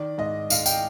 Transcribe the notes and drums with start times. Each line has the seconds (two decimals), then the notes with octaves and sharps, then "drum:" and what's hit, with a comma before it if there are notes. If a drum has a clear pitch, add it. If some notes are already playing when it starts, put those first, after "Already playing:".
Already playing: D#3 D5
0.18 G#2 D#5
0.50 G#2 F5, drum: tambourine
0.66 G5, drum: tambourine